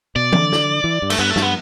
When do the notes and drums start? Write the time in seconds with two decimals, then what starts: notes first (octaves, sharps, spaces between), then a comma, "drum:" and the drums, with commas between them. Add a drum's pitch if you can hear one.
0.16 B2 D5
0.32 D3, drum: tom E3
0.52 drum: snare
0.84 E3
1.02 G2
1.10 A3, drum: cymbal
1.19 G2 B3
1.30 A3
1.36 G2, drum: snare
1.42 B3